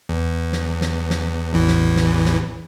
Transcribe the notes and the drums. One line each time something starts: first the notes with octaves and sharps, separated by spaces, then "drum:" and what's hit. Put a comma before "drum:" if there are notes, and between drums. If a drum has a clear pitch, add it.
E2
drum: snare
drum: snare
drum: snare
A1 E2 E3
drum: snare
drum: snare
drum: snare